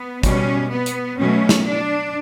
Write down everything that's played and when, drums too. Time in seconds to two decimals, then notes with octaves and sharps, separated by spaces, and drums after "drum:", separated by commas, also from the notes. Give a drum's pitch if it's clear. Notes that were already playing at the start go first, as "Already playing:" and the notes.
Already playing: B3
0.23 B2 G3 C#4, drum: kick G#1, hi-hat
0.70 B3
0.86 drum: hi-hat
1.18 B2 F#3 A3 C#4
1.49 drum: snare
1.65 D4